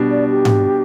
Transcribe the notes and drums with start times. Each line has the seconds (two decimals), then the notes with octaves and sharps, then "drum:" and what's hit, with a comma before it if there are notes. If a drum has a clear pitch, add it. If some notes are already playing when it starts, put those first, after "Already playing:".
Already playing: B2 G3 D4
0.10 D5
0.30 G4
0.45 drum: tom G#2